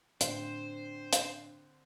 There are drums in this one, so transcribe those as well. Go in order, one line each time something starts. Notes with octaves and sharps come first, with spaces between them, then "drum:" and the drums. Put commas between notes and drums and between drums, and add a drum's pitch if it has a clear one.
A2 D3 C4 D4 C5, drum: hi-hat
drum: hi-hat